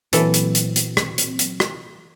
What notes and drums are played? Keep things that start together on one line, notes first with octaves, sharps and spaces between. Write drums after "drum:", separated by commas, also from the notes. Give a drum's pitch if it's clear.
A#2 E3 F#3 C4 A4, drum: hi-hat
drum: hi-hat
drum: hi-hat
drum: hi-hat
drum: rim click
drum: hi-hat
drum: hi-hat
drum: rim click